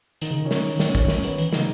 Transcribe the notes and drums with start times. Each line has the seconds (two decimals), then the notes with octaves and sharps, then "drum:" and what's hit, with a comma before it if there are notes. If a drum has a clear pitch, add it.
0.22 D#3 D#4, drum: hi-hat
0.31 C#3
0.39 D#3
0.45 C#4
0.51 D#4, drum: snare
0.65 drum: open hi-hat
0.80 D#3 C#4, drum: snare
0.95 C#4, drum: kick, hi-hat
1.08 D#3 C#4, drum: snare
1.23 B3, drum: hi-hat
1.38 E3, drum: hi-hat
1.53 C#3 D#4, drum: snare